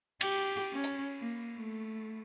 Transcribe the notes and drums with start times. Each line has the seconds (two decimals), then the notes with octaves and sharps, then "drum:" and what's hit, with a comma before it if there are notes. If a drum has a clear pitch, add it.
0.21 G4, drum: cymbal
0.73 C#4
0.84 drum: hi-hat
1.20 A#3
1.57 A3